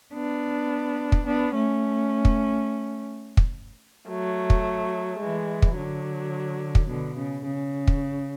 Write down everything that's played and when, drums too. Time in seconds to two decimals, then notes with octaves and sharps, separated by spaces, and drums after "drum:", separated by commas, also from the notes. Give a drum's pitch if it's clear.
0.13 B3 D4
1.12 drum: kick
1.26 B3 D4
1.54 A3 C#4
2.25 drum: kick
3.37 drum: kick
4.07 F#3 A3
4.50 drum: kick
5.20 E3 G#3
5.62 drum: kick
5.76 D3 F#3
6.75 drum: kick
6.89 B2 D3
7.17 C#3
7.46 C#3
7.88 drum: kick